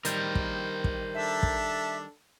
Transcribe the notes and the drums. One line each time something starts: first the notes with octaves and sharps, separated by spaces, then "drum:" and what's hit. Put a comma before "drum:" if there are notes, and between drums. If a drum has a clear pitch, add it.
D#3 G3 A#4 C5, drum: hi-hat
drum: kick
drum: kick
D4 A4 E5
drum: kick